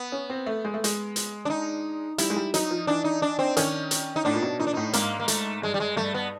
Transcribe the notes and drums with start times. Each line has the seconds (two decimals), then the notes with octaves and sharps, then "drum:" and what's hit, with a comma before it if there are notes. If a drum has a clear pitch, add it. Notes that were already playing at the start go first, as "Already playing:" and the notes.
Already playing: B3
0.12 C#4
0.30 C4
0.46 A3
0.65 G#3
0.74 A3
0.84 G#3, drum: hi-hat
1.16 drum: hi-hat
1.45 D4
1.50 D#4
2.18 G3 E4, drum: hi-hat
2.30 G#3
2.36 G3
2.54 F#3 D#4, drum: hi-hat
2.71 F3
2.87 E3 D4
3.04 D#4
3.22 D4
3.39 C4
3.57 D#3 C#4, drum: hi-hat
3.91 drum: hi-hat
4.16 D#4
4.25 A2 D4
4.34 A#2
4.42 B2
4.59 A#2 D#4
4.67 D4
4.74 A2 D#4
4.93 G#2 A#3, drum: hi-hat
5.20 A#3
5.28 A3, drum: hi-hat
5.62 G2 G#3
5.74 G3
5.80 G#3
5.97 G2 A3
6.14 B3